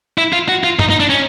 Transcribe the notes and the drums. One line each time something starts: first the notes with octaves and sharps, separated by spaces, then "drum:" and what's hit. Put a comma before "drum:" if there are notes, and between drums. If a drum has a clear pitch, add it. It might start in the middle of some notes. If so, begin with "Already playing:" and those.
E4
F4
F#4
F4
D#4, drum: tom
D#4
D4
C#4